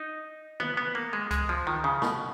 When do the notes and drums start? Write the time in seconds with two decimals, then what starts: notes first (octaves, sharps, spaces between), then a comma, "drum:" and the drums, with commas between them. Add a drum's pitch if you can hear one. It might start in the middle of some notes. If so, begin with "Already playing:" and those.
Already playing: D#4
0.60 B3, drum: tom D3
0.77 B3
0.95 A#3
1.13 G#3
1.31 G#3, drum: kick C#2, hi-hat
1.49 F3
1.67 D#3
1.84 C#3
2.02 B2, drum: snare